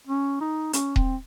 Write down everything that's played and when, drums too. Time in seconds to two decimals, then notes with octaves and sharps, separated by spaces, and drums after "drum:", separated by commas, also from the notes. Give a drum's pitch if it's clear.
0.07 C#4
0.40 D#4
0.73 C#4, drum: hi-hat
0.96 C4, drum: kick D#1